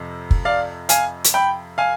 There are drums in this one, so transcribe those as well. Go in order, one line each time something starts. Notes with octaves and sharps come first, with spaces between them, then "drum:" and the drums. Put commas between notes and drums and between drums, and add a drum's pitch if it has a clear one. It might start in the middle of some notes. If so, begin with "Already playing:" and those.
Already playing: F2 C3
drum: kick
D5 F5
F5 G#5, drum: hi-hat
drum: hi-hat
G5 B5
F5 G#5